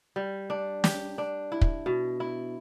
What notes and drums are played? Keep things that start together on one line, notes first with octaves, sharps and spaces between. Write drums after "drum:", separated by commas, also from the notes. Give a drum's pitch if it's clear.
G3
D4
G4, drum: snare
D4
E4
drum: kick
B2
E4